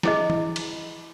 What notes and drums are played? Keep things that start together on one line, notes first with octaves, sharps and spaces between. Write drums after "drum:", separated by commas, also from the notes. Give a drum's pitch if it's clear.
E4 G#4 D#5, drum: snare
drum: tom E3
drum: cymbal